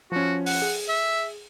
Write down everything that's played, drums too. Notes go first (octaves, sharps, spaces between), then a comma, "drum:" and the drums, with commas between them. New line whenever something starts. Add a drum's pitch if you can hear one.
F3 C#4 F#4
F#5, drum: open hi-hat
G#4
E5